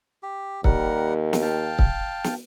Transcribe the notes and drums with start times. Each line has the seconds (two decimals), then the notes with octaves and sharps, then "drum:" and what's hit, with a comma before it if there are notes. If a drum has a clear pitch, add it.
0.23 G4
0.64 D#2 G3 A#4 F#5, drum: kick
1.33 drum: snare
1.42 F5 G5 A5
1.79 drum: kick
2.24 drum: snare